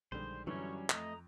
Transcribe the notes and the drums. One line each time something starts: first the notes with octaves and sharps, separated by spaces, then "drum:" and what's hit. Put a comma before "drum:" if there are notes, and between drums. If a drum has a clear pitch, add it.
A#1 D3 D#3 G3 G#3 C5
F#2 D3 E3 F#3 G3 C#4 C#5
F2 A3 D#5 A#5, drum: clap